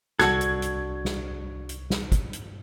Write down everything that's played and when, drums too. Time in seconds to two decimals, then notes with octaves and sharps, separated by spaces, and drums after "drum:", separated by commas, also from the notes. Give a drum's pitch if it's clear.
0.19 C2 D4 F#4 A4 C#6 G#6, drum: snare
0.41 drum: hi-hat
0.62 drum: hi-hat
1.05 drum: snare
1.69 drum: hi-hat
1.90 drum: snare
2.12 drum: kick, hi-hat
2.33 drum: hi-hat